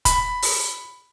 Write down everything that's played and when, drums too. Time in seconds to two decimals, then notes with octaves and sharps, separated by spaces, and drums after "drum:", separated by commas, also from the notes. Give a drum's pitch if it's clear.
0.05 B5, drum: kick, hi-hat
0.42 drum: open hi-hat